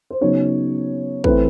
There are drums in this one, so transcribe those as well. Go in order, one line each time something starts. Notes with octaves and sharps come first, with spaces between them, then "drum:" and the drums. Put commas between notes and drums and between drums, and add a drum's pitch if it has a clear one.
C5
C#3 F#3 B3 D#4 C#5
E3 A3 C4 E4 B4, drum: kick